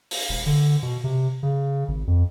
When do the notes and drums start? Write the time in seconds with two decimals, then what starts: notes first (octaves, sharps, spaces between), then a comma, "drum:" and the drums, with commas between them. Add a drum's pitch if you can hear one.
0.11 drum: open hi-hat
0.29 E1
0.46 D3
0.83 B2
1.04 C3
1.43 C#3
1.88 G#1
2.07 F2